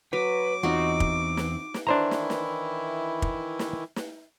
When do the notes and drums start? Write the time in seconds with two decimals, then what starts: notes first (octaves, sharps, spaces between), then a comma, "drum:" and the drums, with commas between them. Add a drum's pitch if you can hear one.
0.13 F#3 B4 D6
0.63 E2 C4 D#4 F4 F#4
1.00 drum: kick
1.37 drum: snare
1.74 drum: snare
1.87 D#3 E3 D4 E4 C5 A#5
2.11 drum: snare
2.30 drum: snare
3.22 drum: kick
3.59 drum: snare
3.96 drum: snare